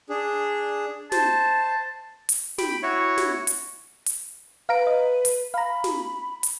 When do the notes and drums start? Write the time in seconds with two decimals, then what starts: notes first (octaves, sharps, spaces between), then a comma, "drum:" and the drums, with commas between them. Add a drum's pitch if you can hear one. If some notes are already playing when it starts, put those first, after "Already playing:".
0.09 D4 G#4
1.12 C5 A5, drum: snare
2.29 drum: hi-hat
2.58 G5 B5, drum: snare
2.83 E4 F#4 C#5
3.18 drum: snare
3.47 drum: hi-hat
4.06 drum: hi-hat
4.69 B4 F5 A#5 D7
4.87 D#5
5.25 drum: hi-hat
5.54 F5 A#5 B5
5.84 drum: snare
6.43 drum: hi-hat